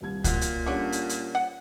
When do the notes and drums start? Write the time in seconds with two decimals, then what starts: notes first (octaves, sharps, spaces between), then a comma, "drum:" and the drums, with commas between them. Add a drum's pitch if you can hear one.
0.01 D#1 C2 G#6
0.24 A#2 F#3 F4, drum: kick C#2, hi-hat
0.41 drum: hi-hat
0.66 D3 G3 C#4 C#5 C#6
0.92 drum: hi-hat
1.09 drum: hi-hat
1.35 F#5